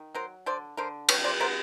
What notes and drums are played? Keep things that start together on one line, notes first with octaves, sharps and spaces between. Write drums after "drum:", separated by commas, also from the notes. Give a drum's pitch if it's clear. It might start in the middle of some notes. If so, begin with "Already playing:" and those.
Already playing: D#3
F#3 A#4 C5
D3 C5 D5
D3 A#4 C5
G3 B4 C#5, drum: cymbal
C5 D5
B3 A#4 C5